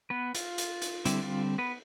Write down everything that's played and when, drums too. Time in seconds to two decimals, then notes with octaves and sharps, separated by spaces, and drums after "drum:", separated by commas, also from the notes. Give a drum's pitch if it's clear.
0.10 B3 B4
0.35 F4, drum: hi-hat
0.58 drum: hi-hat
0.82 drum: hi-hat
1.05 D3 G3 C4 E4, drum: hi-hat
1.23 F4
1.58 B3 B4